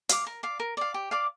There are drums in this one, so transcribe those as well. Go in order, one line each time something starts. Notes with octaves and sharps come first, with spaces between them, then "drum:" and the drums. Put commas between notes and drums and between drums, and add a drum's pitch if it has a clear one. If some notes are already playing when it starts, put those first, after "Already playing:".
F5 D6, drum: hi-hat
A#4
D5 F5
A#4
D5 F5
G4
D5 F5 D6